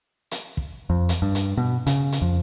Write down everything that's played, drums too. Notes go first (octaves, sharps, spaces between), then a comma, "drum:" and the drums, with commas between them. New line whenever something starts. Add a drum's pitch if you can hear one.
drum: hi-hat
drum: kick
F2
drum: hi-hat
G2
drum: hi-hat
B2
C#3, drum: hi-hat
drum: hi-hat
F2